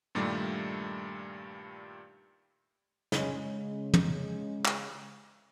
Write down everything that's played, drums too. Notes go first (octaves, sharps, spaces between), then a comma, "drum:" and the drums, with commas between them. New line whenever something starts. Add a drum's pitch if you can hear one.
G2 A#2 D#3 G3 A3 D4
C#3 G#3, drum: snare
drum: tom
drum: clap